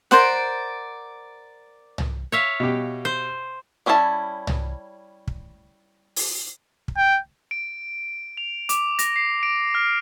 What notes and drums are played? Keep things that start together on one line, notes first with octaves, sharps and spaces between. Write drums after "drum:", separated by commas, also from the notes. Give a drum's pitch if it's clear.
A#4 C5 D5 F#5, drum: snare
drum: tom
C#5 E5 F5
B2 G4
C5
G3 C#4 E4 F#4 A5
drum: tom
drum: kick
drum: open hi-hat
drum: kick
G5
D7
F7
D6, drum: hi-hat
A#6, drum: hi-hat
C7
D7
F6